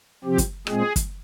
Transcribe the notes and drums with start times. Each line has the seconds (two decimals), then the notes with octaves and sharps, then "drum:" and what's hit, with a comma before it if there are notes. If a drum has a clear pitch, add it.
0.24 C3 F3 C4 G4
0.38 drum: kick, hi-hat
0.67 A#2 G#3 C4 G#4, drum: rim click
0.96 drum: kick, hi-hat